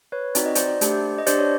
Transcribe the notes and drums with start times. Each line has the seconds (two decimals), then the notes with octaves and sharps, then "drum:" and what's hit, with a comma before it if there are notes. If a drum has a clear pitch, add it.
0.12 B4 C#5
0.35 C4 D#4 F#4 D5, drum: hi-hat
0.46 D#5
0.55 C5 D5, drum: hi-hat
0.81 A3 D4 G4, drum: hi-hat
1.18 D#5
1.27 D4 G4 C5 D5, drum: hi-hat
1.39 C#5